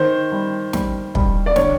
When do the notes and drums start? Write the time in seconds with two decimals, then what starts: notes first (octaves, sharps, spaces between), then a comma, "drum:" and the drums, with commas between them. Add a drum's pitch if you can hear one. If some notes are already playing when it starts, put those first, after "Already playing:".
Already playing: D#3 C5
0.32 G3
0.73 G3, drum: snare
1.15 G3, drum: kick
1.46 D5
1.56 D3 C#5, drum: snare